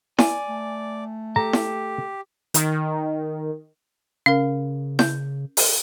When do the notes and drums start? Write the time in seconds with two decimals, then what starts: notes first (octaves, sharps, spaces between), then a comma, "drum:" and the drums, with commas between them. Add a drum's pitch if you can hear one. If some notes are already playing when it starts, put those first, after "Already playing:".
0.19 D5 G#5, drum: snare E4
0.49 A3
1.36 G4 A4 A#5
1.53 drum: snare E4
2.54 D#3, drum: hi-hat
4.26 C#3 C#4 A#4 F5
4.99 G6, drum: snare E4
5.57 drum: open hi-hat